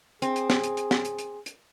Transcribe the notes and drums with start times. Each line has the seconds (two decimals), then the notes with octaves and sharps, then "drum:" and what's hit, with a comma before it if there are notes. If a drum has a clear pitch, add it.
0.22 C4 G#4, drum: hi-hat
0.36 drum: hi-hat
0.50 drum: snare
0.63 drum: hi-hat
0.77 drum: hi-hat
0.91 drum: snare
1.05 drum: hi-hat
1.19 drum: hi-hat
1.46 drum: hi-hat